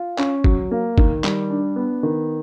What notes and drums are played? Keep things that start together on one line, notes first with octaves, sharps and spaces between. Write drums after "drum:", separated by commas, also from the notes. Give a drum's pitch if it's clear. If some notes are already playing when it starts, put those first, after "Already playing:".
Already playing: F4
C#4, drum: clap
F#3, drum: kick
A#3
D#3, drum: kick
G3, drum: clap
D4
B3
D#3